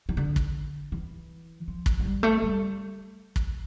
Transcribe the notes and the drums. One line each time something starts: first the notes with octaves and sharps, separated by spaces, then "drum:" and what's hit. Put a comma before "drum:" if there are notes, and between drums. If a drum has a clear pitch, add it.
E3
D3
drum: kick
E3
F3
drum: kick
F3
G3
A3
G3
drum: kick